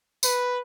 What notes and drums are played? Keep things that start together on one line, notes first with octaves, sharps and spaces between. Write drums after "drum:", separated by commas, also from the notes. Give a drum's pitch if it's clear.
B4, drum: tambourine